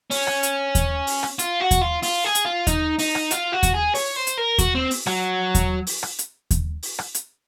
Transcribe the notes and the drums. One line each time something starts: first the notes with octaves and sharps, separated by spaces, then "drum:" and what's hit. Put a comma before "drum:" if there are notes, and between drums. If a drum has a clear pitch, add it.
C#4, drum: open hi-hat
drum: rim click
drum: hi-hat
drum: kick D#2, hi-hat
drum: open hi-hat
drum: rim click
F4, drum: hi-hat
F#4
drum: kick D#2, hi-hat
F4
F4, drum: open hi-hat
G#4
drum: hi-hat
F4
D#4, drum: kick D#2, hi-hat
D#4, drum: open hi-hat
drum: rim click
F4, drum: hi-hat
F#4
drum: kick D#2, hi-hat
G#4
C#5, drum: open hi-hat
C5
drum: hi-hat
A#4
F#4, drum: kick D#2, hi-hat
C4
drum: open hi-hat
F#3, drum: rim click
drum: kick D#2, hi-hat
drum: open hi-hat
drum: rim click
drum: hi-hat
drum: kick D#2, hi-hat
drum: open hi-hat
drum: rim click
drum: hi-hat